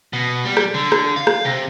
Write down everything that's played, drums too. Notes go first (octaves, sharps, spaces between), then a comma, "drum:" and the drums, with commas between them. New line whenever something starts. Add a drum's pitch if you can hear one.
B2
G3
drum: rim click
D3
drum: rim click
F5
drum: rim click
C3